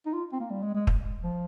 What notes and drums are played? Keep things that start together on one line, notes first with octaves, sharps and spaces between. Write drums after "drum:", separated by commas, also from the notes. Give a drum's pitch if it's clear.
D#4
F4
C4
A#3
G3
G#3
G#3
drum: kick
F3